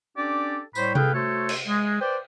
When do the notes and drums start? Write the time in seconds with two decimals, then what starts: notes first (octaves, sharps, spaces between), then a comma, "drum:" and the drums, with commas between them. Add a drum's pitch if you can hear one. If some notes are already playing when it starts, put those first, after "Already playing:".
0.17 C#4 D4 G4 A4 D5
0.75 A2 G3 C5 C#5 B5, drum: tambourine
0.95 G#4 A4 B4 F5 G5, drum: tom C3
1.13 A3 F#4 A4 C5 C#5
1.49 drum: cymbal
1.67 G#3
2.01 B4 C5 D5 G5